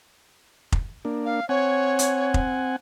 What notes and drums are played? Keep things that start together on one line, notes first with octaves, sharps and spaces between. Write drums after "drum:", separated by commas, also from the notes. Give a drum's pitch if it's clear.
drum: kick
A#3 D4
F5
C4 C#5 F#5 G#5
drum: hi-hat
drum: kick